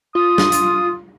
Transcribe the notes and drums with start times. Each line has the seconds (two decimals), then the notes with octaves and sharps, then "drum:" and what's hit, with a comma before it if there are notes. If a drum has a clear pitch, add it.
0.15 F4 D#6
0.38 drum: snare
0.52 drum: hi-hat